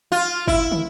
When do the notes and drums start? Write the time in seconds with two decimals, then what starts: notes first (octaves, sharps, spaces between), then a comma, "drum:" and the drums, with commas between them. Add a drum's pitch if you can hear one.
0.12 F4
0.48 E4, drum: kick
0.72 drum: tom